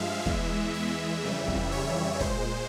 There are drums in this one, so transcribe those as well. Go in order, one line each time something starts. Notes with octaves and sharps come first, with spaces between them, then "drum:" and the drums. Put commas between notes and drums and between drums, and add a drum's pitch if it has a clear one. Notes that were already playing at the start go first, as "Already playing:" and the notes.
Already playing: G2 F3 G#3 E5 F5
E2 E3 G#3, drum: kick
E5
F2 C#3 E3 G3
drum: kick
C#5
A#2 G#3 C5, drum: kick